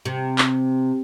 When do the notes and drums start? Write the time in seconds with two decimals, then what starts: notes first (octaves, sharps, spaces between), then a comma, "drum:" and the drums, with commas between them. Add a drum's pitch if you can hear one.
0.05 C3
0.38 drum: clap